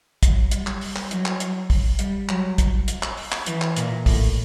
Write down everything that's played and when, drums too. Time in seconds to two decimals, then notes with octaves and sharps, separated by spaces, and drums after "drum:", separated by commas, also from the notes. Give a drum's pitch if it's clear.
0.23 F#3, drum: kick, hi-hat
0.51 G3, drum: hi-hat
0.67 drum: clap
0.81 drum: open hi-hat
0.96 drum: clap
1.11 F#3, drum: hi-hat
1.26 drum: clap
1.40 drum: hi-hat
1.70 drum: kick, open hi-hat
1.99 G3, drum: hi-hat
2.29 F#3, drum: clap
2.58 drum: kick, hi-hat
2.88 drum: hi-hat
3.03 drum: clap
3.17 drum: open hi-hat
3.32 drum: clap
3.46 E3, drum: hi-hat
3.62 drum: clap
3.76 A#2, drum: hi-hat
4.06 A2, drum: kick, open hi-hat